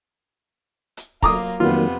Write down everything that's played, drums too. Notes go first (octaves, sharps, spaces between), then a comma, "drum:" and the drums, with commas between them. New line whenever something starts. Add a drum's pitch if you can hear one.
drum: hi-hat
F#3 A#3 F4 A#5 D6 D#6, drum: kick
F2 C3 D#3 F#3 A#3 B3 F4